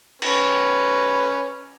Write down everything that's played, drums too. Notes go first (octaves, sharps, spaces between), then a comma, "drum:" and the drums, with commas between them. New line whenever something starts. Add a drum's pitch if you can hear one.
C#4 B4, drum: cymbal